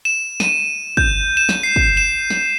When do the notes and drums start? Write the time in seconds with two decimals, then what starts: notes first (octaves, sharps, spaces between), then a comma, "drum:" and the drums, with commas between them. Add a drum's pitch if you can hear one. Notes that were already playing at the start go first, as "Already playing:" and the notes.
0.05 E7
0.40 D#7, drum: snare
0.97 G6, drum: kick
1.37 E7
1.49 drum: snare
1.63 C7
1.76 drum: kick
1.97 E7
2.30 drum: snare